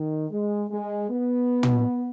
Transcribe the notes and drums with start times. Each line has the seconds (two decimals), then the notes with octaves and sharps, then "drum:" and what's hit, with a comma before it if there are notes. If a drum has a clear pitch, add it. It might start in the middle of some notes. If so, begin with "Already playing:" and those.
Already playing: D#3
0.30 G#3
0.71 G#3
1.10 B3
1.63 drum: tom